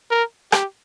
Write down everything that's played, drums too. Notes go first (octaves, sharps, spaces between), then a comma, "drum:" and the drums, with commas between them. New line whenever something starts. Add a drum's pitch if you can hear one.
A#4
G4, drum: rim click